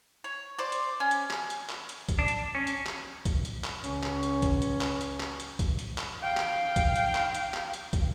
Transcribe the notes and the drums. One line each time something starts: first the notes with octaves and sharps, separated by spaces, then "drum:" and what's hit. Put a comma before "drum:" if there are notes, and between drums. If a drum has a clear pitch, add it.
C#5
C5 D5
drum: hi-hat
C#4
drum: hi-hat
drum: clap
drum: hi-hat
drum: clap
drum: hi-hat
drum: kick, hi-hat
D4
drum: hi-hat
C#4
drum: hi-hat
drum: clap
drum: kick, hi-hat
drum: hi-hat
drum: clap
C#2 C#4, drum: hi-hat
drum: clap
drum: hi-hat
drum: kick, hi-hat
drum: hi-hat
drum: clap
drum: hi-hat
drum: clap
drum: hi-hat
drum: kick, hi-hat
drum: hi-hat
drum: clap
F5 G5
drum: clap
drum: kick, hi-hat
drum: hi-hat
drum: clap
drum: hi-hat
drum: clap
drum: hi-hat
drum: kick, hi-hat